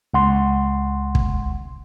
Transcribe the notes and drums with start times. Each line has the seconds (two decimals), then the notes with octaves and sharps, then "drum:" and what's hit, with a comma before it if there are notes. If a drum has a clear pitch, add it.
0.14 C#2 F#5 C6
1.15 drum: kick